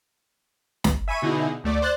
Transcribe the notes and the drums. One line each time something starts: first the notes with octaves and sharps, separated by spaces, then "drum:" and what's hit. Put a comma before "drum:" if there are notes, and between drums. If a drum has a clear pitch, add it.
drum: snare
E5 G#5 B5 C#6 D#7
B2 D3 D#4 E4 G#4
D2 A3 D5 D6
C5 D5 F#6 A6